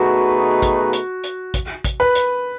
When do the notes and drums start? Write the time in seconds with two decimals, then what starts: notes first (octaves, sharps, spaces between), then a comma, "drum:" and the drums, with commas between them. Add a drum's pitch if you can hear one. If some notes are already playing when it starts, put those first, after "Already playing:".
Already playing: B2 A3 D#4 F#4 G#4 B4
0.62 drum: kick, hi-hat
0.93 drum: hi-hat
1.23 drum: hi-hat
1.54 drum: kick, hi-hat
1.84 drum: kick, hi-hat
2.00 B4
2.15 drum: hi-hat